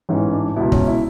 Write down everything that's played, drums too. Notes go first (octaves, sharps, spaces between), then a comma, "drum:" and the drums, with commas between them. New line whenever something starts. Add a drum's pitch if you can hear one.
A1 G#2 E3 C#4
D4
C#2 B2 E4
C#4, drum: kick
E4